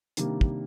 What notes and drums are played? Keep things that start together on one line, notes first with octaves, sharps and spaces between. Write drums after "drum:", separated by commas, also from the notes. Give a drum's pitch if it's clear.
C3 D#3 G3 A#3 D4, drum: hi-hat
drum: kick